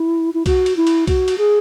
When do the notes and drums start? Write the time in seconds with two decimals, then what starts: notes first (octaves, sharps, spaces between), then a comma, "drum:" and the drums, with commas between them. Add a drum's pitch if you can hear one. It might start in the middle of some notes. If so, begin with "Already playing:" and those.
Already playing: E4
0.34 E4
0.46 F#4, drum: kick C2, cymbal
0.66 drum: cymbal
0.76 E4
0.87 drum: cymbal
1.07 F#4, drum: kick C2, cymbal
1.28 drum: cymbal
1.38 G#4